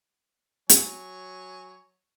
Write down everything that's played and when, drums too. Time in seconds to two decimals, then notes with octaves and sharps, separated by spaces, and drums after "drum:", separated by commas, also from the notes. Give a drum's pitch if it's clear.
0.69 F#3 C#5 G#5, drum: hi-hat